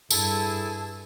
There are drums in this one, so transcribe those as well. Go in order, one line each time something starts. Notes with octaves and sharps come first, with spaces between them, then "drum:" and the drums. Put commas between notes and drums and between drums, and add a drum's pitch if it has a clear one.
G2 E4 G#4 A4 A5, drum: tambourine